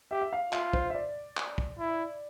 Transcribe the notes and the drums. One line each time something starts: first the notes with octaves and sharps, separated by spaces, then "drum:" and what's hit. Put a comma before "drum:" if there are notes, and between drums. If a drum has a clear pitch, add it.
G4 E5
E5
F5
F4 E5, drum: clap
C5, drum: kick
E5
D5
drum: clap
drum: kick
E4